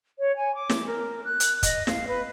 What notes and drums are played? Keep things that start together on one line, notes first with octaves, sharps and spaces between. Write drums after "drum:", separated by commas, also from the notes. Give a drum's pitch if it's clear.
C#5
G#5
D6
drum: snare
A#4
F#6
drum: hi-hat
D#5, drum: kick, hi-hat
F5, drum: snare
B4